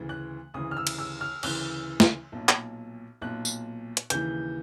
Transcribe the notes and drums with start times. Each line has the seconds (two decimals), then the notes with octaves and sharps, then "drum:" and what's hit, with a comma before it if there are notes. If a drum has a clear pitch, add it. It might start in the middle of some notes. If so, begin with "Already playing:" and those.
Already playing: D2 C#3 E3
0.09 F#6
0.54 D2 C#3 E3 D#6
0.71 F6
0.77 E6
0.87 drum: cymbal
0.98 E6
1.21 F6
1.43 D2 C#3 E3 F#6, drum: cymbal
2.00 drum: snare
2.32 B1 A#2
2.49 drum: clap
3.22 B1 A#2 F#6
3.45 drum: tambourine
3.97 drum: hi-hat
4.10 D#2 C#3 E3 G6, drum: hi-hat